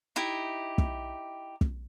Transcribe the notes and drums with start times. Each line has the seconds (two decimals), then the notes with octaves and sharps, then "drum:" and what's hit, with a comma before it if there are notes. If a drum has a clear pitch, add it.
0.16 D#4 E4 G4
0.78 drum: kick
1.61 drum: kick